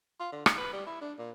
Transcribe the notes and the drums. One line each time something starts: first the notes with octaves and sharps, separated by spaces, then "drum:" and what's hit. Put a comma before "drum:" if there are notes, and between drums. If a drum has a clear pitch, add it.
F4
D3
D#4, drum: rim click
B4
G3
E4
D4
A#2